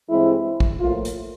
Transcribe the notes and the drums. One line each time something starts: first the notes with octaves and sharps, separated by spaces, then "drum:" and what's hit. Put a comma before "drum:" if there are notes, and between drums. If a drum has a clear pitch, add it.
G2 E3 G#3 C4 E4
drum: kick
A2 F3 A#3 F4
drum: hi-hat